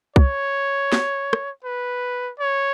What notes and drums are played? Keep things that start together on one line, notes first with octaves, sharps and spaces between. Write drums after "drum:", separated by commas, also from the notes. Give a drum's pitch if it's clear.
C#5, drum: kick C2
drum: snare
drum: rim click
B4
C#5